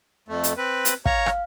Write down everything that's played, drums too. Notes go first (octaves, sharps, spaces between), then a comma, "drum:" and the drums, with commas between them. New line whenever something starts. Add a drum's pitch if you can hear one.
F2 A3
drum: hi-hat
C4 B4
drum: hi-hat
C#5 F5 A#5 C#6, drum: kick
drum: rim click